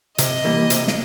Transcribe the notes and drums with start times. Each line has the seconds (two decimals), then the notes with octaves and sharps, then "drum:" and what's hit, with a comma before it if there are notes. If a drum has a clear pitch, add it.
0.18 C3 D#5, drum: hi-hat
0.44 E3 G3 A#3
0.70 C3, drum: hi-hat
0.88 drum: snare